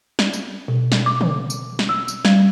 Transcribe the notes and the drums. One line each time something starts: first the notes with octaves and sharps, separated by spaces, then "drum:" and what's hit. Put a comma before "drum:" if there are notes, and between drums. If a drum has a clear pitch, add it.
drum: snare
drum: tambourine
B2
drum: snare
D6
drum: tom
drum: tambourine
drum: snare
E6
drum: tambourine
G3, drum: snare